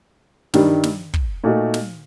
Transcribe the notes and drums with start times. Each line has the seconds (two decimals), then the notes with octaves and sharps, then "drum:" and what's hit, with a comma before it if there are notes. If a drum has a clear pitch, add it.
0.54 G2 D#3 G3 D4, drum: snare
0.83 drum: snare
1.14 drum: kick
1.44 A#2 A3 D#4 F#4
1.74 drum: snare